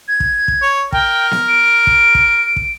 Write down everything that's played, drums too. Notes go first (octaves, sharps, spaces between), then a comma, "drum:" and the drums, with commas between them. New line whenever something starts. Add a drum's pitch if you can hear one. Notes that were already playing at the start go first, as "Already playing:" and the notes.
G#6
drum: kick
drum: kick
C#5
A#4 G5, drum: kick
drum: snare B3
D7
drum: kick
drum: kick
drum: kick